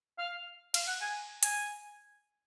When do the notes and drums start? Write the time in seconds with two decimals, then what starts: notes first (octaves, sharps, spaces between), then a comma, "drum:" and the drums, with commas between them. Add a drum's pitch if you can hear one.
0.18 F5
0.74 F5, drum: cymbal
0.87 F#5
1.01 G#5
1.43 G#5, drum: hi-hat